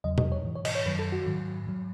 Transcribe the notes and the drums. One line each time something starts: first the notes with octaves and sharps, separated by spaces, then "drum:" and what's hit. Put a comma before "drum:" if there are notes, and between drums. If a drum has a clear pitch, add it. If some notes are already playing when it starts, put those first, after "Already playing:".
E2 C#3 F#3 D#5
D#5, drum: tom B2
C#5
G#2 E3
C#5
D#5, drum: cymbal
C#5
F#2 D#3 F#3 B4
A4
F#4
G#2 D#3 F#3
G#2 F#3